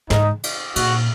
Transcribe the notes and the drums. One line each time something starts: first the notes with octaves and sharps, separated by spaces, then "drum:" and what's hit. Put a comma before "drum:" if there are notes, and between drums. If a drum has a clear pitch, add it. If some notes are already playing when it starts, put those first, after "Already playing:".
G#2 D#4, drum: snare
drum: cymbal
A#2 F#4, drum: cymbal